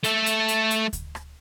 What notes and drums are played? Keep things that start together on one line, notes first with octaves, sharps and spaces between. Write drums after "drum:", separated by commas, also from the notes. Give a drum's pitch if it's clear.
A3 A4, drum: hi-hat
drum: hi-hat
drum: hi-hat
drum: hi-hat
drum: kick D2, hi-hat
drum: rim click